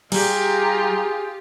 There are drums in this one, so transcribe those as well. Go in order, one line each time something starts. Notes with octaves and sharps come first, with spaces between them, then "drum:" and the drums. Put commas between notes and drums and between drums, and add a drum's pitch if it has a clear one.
G3 F4 G4 G#4 A#5, drum: cymbal